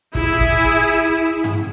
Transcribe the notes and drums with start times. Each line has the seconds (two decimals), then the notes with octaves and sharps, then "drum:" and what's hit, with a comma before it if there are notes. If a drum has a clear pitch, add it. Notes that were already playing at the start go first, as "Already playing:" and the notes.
0.15 E4 G#4, drum: kick
0.41 drum: kick
1.44 drum: tom G2